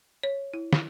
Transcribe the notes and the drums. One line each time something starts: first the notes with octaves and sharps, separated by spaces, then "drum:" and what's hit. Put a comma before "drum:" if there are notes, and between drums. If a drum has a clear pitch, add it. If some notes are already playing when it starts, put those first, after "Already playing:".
C#5
E4
drum: snare